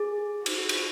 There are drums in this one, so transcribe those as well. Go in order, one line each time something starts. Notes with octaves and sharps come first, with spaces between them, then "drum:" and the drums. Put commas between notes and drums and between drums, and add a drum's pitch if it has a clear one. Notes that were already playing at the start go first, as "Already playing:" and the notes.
Already playing: G#4
F#4, drum: cymbal
drum: cymbal